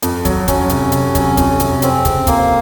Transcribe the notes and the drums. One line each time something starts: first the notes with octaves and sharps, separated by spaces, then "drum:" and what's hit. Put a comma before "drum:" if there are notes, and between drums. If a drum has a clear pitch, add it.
F2, drum: hi-hat
F#3, drum: kick, hi-hat
F#3 C#4, drum: kick, hi-hat
C3, drum: hi-hat
C3, drum: hi-hat
F#3, drum: kick, hi-hat
F2, drum: kick, hi-hat
C3, drum: hi-hat
F2 C4, drum: hi-hat
C#3, drum: kick, hi-hat
F2 A#3, drum: kick, hi-hat